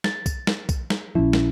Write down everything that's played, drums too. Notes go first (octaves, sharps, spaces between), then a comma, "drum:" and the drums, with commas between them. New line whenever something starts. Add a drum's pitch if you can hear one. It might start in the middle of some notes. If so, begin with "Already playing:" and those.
A6, drum: snare
drum: kick B1, tambourine
drum: snare
drum: kick B1, tambourine
drum: snare
A#1 F3 C#4 E4
drum: snare